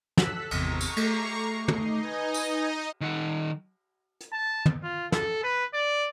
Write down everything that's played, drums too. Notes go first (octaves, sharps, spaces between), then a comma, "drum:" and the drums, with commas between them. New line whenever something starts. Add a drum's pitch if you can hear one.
A4 E6 F#6 B6, drum: snare
G#1 E2 C3 A#5 C#6, drum: cymbal
drum: tambourine
A3 D6 C7, drum: cymbal
D#4 D#5, drum: tom
B4 G#5 G#6
drum: tambourine
D#3 F#5
drum: hi-hat
A5
drum: tom
F4
A4, drum: snare
B4
D5